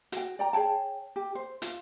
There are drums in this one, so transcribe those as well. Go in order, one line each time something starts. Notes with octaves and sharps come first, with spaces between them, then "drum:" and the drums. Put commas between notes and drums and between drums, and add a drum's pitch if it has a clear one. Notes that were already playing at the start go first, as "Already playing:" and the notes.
F#4 G5, drum: hi-hat
D5 G5 A#5
G#4 C#5 G5 A5
G4
C5
F4, drum: hi-hat